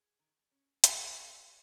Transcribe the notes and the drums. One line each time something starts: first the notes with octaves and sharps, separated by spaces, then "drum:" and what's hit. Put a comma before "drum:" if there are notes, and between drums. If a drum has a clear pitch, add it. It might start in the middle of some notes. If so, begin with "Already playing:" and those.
Already playing: G#4
D#3
C#4
A#2 A#4 D#5, drum: hi-hat
F3 C#4